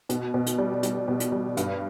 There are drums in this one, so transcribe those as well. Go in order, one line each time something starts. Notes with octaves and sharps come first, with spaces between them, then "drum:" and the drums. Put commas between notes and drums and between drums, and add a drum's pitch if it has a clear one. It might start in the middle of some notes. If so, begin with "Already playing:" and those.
B2, drum: hi-hat
B2
drum: hi-hat
G3
G3, drum: hi-hat
B2
drum: hi-hat
G3
G2, drum: hi-hat